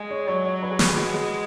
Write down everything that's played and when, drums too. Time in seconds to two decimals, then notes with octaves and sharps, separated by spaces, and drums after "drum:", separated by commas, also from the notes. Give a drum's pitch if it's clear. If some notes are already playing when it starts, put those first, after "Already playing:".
Already playing: G#3 G#4
0.10 C#5
0.28 F#3 C#5
0.46 C#5
0.63 B4
0.71 G#4
0.79 B4, drum: snare
0.89 G#4
0.97 G#3 F#4
1.15 G#4